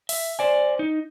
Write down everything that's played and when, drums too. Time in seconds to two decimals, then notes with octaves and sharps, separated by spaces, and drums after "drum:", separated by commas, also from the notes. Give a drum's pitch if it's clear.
0.09 E5, drum: open hi-hat
0.39 C5 D5 G#5
0.79 D#4